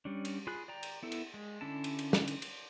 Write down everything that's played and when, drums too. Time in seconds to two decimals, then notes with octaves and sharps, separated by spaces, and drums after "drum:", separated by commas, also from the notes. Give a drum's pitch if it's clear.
0.05 G3 C#4 D4
0.25 drum: cymbal
0.47 F4 G#4 G#5 B5 F#6
0.68 D5 G5 A#5
0.83 drum: cymbal
1.03 B3 E4 A4
1.12 drum: cymbal
1.34 G#3
1.61 D3 C#4 E4 A5
1.84 drum: cymbal
1.99 drum: cymbal
2.13 drum: snare
2.28 drum: cymbal
2.42 drum: cymbal